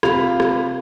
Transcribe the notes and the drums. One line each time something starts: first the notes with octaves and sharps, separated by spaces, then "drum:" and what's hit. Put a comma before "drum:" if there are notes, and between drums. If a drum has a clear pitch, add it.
C3 F4 B5 F7, drum: rim click
drum: rim click